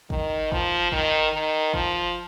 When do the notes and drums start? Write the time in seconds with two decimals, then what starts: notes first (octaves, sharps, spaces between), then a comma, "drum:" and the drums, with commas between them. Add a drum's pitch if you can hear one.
0.10 D#3, drum: kick
0.52 F3, drum: kick
0.92 D#3, drum: kick
1.32 D#3
1.74 F3, drum: kick